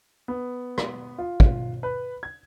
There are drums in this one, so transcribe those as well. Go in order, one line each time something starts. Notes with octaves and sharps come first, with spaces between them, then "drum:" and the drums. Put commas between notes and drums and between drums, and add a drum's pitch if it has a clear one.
B3
drum: rim click
F4
drum: kick
B4
G#6